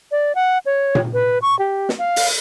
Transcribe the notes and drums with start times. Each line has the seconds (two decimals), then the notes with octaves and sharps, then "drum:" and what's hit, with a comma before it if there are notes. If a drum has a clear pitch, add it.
0.11 D5
0.35 F#5
0.66 C#5
0.95 drum: tom A#2
1.14 B4
1.42 C#6
1.59 G4
1.89 drum: snare
1.99 F5
2.16 drum: open hi-hat